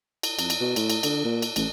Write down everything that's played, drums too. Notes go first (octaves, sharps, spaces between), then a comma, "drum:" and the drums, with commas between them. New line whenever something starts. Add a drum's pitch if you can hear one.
drum: cymbal
F2, drum: cymbal
drum: cymbal
B2
A2, drum: cymbal
drum: cymbal
D3, drum: cymbal
A#2
drum: cymbal
A1, drum: cymbal